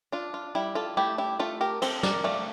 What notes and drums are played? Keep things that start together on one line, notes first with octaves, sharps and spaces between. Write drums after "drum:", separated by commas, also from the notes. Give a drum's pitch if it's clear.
D4 F4
F4
G3 E4
F4 A4
A3 E4 G4
E4 G4
A3 F4 A4
G4 A#4
C4 A4 C5, drum: cymbal
A#4 D5, drum: snare
A3 D5 F5